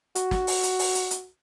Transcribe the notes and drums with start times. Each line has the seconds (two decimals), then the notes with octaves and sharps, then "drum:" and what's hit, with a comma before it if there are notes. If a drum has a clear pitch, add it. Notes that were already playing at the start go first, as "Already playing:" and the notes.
0.15 F#4, drum: hi-hat
0.31 drum: snare
0.47 drum: open hi-hat
0.63 drum: hi-hat
0.79 drum: open hi-hat
0.95 drum: hi-hat
1.11 drum: hi-hat